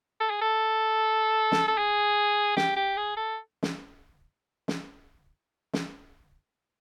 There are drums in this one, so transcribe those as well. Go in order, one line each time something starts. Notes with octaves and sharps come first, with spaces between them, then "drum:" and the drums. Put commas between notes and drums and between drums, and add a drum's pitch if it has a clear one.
A4
G#4
A4
drum: snare
A4
G#4
G4, drum: snare
G4
G#4
A4
drum: snare
drum: snare
drum: snare